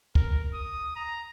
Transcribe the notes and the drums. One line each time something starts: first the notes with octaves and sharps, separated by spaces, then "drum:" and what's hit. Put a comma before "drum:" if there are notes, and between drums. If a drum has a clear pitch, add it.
A#4, drum: kick
D#6
A#5